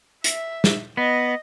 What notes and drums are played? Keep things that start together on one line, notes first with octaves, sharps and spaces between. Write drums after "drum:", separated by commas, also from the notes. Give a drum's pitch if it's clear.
E5, drum: hi-hat
drum: snare
B3 D#5